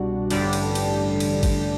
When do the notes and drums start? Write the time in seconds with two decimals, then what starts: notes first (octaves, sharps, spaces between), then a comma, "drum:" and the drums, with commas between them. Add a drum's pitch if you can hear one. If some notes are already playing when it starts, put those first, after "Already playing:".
Already playing: C2 B2 G3 D4 F#4
0.30 A1 G2 D3 G3 D4, drum: cymbal
0.53 drum: cymbal
0.75 drum: cymbal
1.20 drum: cymbal
1.43 drum: kick G#1, cymbal